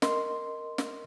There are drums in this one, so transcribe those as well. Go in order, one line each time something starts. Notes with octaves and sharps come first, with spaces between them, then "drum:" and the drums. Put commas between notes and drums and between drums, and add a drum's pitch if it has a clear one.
A#4 D#5 C6, drum: snare
drum: snare